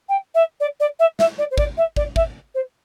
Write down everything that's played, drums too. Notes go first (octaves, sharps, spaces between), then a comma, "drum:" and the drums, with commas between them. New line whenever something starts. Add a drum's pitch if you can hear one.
G5
E5
D5
D5
E5
E5, drum: snare
D5
C5
D5, drum: kick
E5
D5, drum: kick
E5, drum: kick
C5